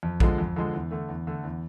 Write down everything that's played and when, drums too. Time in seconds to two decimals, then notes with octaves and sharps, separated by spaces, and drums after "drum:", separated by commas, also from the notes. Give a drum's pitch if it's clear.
0.03 F2
0.20 D3 F3 G#3, drum: kick A#1
0.38 F2
0.56 D3 F3 G#3
0.73 E2
0.91 D3 A3
1.09 E2
1.27 D3 A3
1.43 E2